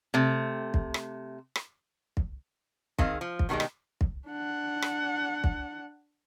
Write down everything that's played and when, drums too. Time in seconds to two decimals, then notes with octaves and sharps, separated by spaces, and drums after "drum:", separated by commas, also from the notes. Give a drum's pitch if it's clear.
0.14 C3 A3
0.74 drum: kick
0.94 drum: rim click
1.56 drum: rim click
2.17 drum: kick
2.99 D#3 C4 G#4 F5, drum: kick
3.21 F3
3.39 drum: kick
3.49 B2 D#3 F3 G3 G#3
3.60 drum: rim click
4.01 drum: kick
4.28 D4 F#5
4.82 drum: rim click
5.44 drum: kick